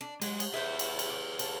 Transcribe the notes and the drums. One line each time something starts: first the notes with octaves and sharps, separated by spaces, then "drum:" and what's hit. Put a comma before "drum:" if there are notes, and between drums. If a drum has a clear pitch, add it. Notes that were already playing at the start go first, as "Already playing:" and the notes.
D4
F#3 G#3, drum: cymbal
drum: cymbal
E4 G#4 B4 C5
drum: cymbal
drum: cymbal
G4
A4, drum: cymbal